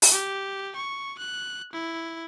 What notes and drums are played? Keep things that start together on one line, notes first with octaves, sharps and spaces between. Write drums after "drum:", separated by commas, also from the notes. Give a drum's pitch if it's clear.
drum: open hi-hat
G4
C#6
F#6
E4